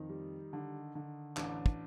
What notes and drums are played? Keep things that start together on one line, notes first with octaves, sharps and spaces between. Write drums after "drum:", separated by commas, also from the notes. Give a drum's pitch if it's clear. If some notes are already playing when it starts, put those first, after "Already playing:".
Already playing: F2 D#3 D#4
G3
D3
D3
A1 D4, drum: clap
drum: kick